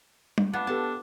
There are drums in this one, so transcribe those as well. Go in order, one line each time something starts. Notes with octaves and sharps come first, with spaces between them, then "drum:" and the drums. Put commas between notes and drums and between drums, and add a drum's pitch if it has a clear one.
drum: tom G3
B3 D4 F4
B3 G4 A4 A5